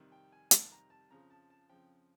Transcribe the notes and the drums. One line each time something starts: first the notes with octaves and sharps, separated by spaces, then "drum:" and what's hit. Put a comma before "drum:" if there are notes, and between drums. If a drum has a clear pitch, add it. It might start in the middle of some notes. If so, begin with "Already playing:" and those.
Already playing: F2 C3 D#3 G3
G5
G#5
F2 C3 D#3 G3 A5, drum: hi-hat
A#5
A5
F2 C#3 F3 A#5
A5
A5
F2 C#3 F3 G5